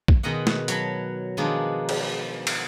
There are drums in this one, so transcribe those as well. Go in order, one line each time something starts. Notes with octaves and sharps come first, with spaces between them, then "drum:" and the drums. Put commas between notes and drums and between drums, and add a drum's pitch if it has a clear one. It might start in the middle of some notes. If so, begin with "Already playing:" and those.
drum: kick B1
B2 D#3 G#3 D#5 F#5
drum: snare
F#3 C#5 A5 B5, drum: hi-hat
B2 D#3 F3 G#3 D4 D#4
drum: cymbal
drum: cymbal